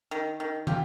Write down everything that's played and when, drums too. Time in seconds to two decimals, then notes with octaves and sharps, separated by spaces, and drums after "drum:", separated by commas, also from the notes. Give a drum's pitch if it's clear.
0.11 D#3
0.40 D#3
0.67 E3 F4 G4, drum: tom